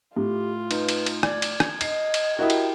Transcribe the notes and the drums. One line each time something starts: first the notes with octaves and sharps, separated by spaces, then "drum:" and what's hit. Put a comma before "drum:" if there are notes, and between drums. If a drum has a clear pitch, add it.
A2 F4 G4
D#4 B4, drum: cymbal
drum: cymbal
drum: cymbal
D5 G#6, drum: rim click
drum: cymbal
drum: rim click
D#5 C7, drum: cymbal
drum: cymbal
E4 F#4 G4 A#4 D#5 E5
drum: cymbal